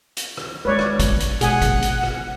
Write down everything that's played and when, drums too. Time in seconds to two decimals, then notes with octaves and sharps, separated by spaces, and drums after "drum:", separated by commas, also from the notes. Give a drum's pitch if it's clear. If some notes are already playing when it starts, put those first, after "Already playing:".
0.17 drum: hi-hat
0.37 drum: rim click
0.65 G#3 F4 B4 C#5 D5
0.79 drum: rim click
1.00 drum: kick, hi-hat
1.20 drum: hi-hat
1.41 B2 G#3 G#4 F#5 G#5, drum: hi-hat
1.62 drum: kick, hi-hat
1.82 drum: hi-hat
2.03 drum: rim click